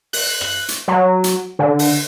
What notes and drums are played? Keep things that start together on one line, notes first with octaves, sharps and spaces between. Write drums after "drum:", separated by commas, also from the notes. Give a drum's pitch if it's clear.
F#6, drum: open hi-hat
drum: rim click
drum: hi-hat
F#3
drum: hi-hat
D3
drum: open hi-hat